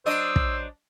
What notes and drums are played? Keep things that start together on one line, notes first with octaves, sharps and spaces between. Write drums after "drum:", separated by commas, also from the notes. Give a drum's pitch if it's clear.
F#3 D4 C5 D#5 E6
drum: kick